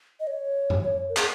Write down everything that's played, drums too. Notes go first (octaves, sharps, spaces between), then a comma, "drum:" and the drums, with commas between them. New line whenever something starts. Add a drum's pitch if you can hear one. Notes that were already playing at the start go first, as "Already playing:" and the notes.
D#5
C#5
drum: tom F#2
A#4
G#4, drum: clap